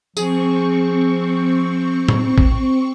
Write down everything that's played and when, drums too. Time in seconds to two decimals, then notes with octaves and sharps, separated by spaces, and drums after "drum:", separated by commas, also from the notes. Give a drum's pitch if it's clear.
0.17 F3 C4 G#4 C#6, drum: tambourine
2.09 drum: tom A2
2.38 drum: kick A1